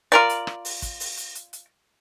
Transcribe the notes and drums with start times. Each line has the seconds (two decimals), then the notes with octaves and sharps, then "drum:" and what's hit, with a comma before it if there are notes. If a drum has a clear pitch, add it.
0.12 F4 A#4 D5
0.29 drum: hi-hat
0.47 drum: rim click
0.65 drum: open hi-hat
0.82 drum: kick, hi-hat
1.00 drum: open hi-hat
1.18 drum: hi-hat
1.35 drum: hi-hat
1.53 drum: hi-hat